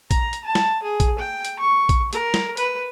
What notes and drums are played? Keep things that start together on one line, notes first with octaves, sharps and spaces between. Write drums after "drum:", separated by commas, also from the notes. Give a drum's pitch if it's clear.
A#5, drum: kick A#1, hi-hat
drum: hi-hat
A5
drum: snare
G#4
drum: kick A#1, hi-hat
G5
drum: hi-hat
C#6
drum: kick A#1, hi-hat
A#4, drum: hi-hat
drum: snare
B4, drum: hi-hat